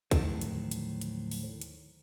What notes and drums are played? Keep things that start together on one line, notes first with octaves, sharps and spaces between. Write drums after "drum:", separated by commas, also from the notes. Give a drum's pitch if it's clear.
D#2 A2 D3 F3 F#3 A5, drum: kick, hi-hat
drum: hi-hat
drum: hi-hat
drum: hi-hat
drum: open hi-hat
drum: hi-hat